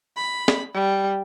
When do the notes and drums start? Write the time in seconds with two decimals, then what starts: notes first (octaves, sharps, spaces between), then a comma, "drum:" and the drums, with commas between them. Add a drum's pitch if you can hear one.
0.17 B5
0.48 drum: snare
0.74 G3